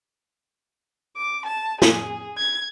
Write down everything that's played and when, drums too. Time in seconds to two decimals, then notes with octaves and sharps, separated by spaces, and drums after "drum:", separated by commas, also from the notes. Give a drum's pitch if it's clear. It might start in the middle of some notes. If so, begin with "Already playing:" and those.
1.17 D6
1.46 A5
1.82 G#4, drum: snare
2.38 G#6